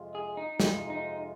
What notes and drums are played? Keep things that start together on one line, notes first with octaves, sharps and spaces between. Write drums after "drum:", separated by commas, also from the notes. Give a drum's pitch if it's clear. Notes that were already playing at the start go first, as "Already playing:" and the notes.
Already playing: F2 C3 G#3 F4
G#4
D#4
F2 C3 G#3 D#4 F4, drum: snare
D#4